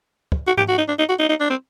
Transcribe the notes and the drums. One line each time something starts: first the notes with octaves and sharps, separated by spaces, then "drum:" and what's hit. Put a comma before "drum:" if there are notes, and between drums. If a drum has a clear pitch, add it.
drum: kick
F#4
G4, drum: tom G#2
F#4
D#4
D4
D#4
F#4
D#4
D#4
D4
C4